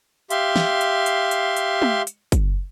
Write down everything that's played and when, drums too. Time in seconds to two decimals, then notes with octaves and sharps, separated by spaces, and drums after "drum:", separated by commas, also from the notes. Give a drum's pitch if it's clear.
0.30 G4 E5 F5 C6, drum: hi-hat
0.56 drum: snare
0.81 drum: hi-hat
1.06 drum: hi-hat
1.31 drum: hi-hat
1.57 drum: hi-hat
1.82 drum: tom
2.07 drum: hi-hat
2.32 drum: kick, hi-hat